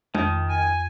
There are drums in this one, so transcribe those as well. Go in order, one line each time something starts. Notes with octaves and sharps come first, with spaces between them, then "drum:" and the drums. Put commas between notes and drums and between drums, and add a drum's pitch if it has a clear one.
F2 D#3, drum: tom
G#5